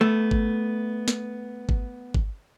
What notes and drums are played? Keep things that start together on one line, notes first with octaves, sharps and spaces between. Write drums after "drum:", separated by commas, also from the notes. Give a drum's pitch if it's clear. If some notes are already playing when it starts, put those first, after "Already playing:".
A3 B3
drum: kick G#1
drum: snare
drum: kick G#1
drum: kick G#1